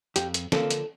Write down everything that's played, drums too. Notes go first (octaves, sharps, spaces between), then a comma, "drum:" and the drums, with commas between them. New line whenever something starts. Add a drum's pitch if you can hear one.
F2 G4, drum: hi-hat
drum: hi-hat
D3 F3 A#3 A4, drum: snare
drum: hi-hat